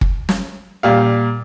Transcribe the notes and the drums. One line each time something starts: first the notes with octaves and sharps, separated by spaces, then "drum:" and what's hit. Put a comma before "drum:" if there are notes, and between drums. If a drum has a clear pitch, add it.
drum: kick
drum: snare
A#2 G3 F5